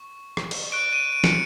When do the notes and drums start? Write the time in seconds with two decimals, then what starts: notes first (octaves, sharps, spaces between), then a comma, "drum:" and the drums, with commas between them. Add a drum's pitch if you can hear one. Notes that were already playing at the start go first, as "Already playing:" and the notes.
Already playing: C#6
0.37 drum: rim click
0.51 drum: cymbal
0.72 C#6 F#6 D7
0.93 D#7
1.13 D7
1.24 C#7, drum: snare